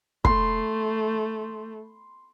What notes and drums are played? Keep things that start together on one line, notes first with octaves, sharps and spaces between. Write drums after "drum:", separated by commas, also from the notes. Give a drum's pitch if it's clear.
A3 C6, drum: kick